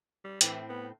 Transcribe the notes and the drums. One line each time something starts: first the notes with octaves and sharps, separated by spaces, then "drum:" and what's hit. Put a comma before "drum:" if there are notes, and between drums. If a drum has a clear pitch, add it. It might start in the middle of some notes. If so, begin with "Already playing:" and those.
G3
A2 E3 C4, drum: hi-hat
B3